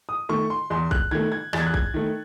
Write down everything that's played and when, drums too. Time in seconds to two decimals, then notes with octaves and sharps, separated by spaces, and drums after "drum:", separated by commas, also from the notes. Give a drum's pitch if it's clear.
0.09 D#6
0.29 D#3 A3 C#6
0.50 C6
0.70 E2 C6
0.91 F#6, drum: kick
1.11 D#3 A3 G#6
1.32 G#6
1.53 E2 A6, drum: rim click
1.60 G#6
1.66 F#6
1.74 G#6, drum: kick
1.94 D#3 A3